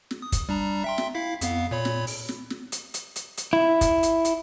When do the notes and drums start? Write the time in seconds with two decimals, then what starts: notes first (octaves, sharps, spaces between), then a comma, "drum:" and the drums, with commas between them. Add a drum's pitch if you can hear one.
0.11 drum: snare
0.22 D#6
0.32 drum: kick, hi-hat
0.49 G3 D4 A#5
0.84 E5 G5 C6
0.98 drum: snare
1.15 E4 F5 B6
1.41 F2 B3 F5, drum: hi-hat
1.71 A#2 C#5 B5
1.85 drum: snare
2.07 drum: open hi-hat
2.29 drum: snare
2.50 drum: snare
2.72 drum: hi-hat
2.94 drum: hi-hat
3.16 drum: hi-hat
3.38 drum: hi-hat
3.53 E4
3.81 drum: kick, hi-hat
4.03 drum: hi-hat
4.25 drum: hi-hat